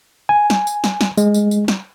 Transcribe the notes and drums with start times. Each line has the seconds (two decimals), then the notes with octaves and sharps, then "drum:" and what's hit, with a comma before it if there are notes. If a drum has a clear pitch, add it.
0.29 G#5
0.50 drum: snare
0.67 drum: tambourine
0.84 drum: snare
1.01 drum: snare
1.18 G#3, drum: tambourine
1.34 drum: tambourine
1.51 drum: tambourine
1.68 drum: snare